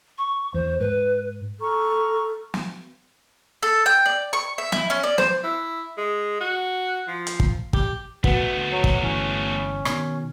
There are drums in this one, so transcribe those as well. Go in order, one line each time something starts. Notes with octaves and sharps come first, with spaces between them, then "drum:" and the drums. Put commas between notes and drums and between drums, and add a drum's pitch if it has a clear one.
C#6
E2 C5
G#2 B4
A4 A#5 C#6 F6
drum: snare
A4
G5
D5
C#6
E5
E4, drum: snare
C#4
D5
C5, drum: snare
E4
G#3
F#4
F3
drum: hi-hat
drum: kick
G4, drum: kick
A3 B3 F#4 B4 F#5, drum: kick
D2
F#3
drum: kick
G1 E3 C#4
B2 D3 D#3 G#6, drum: rim click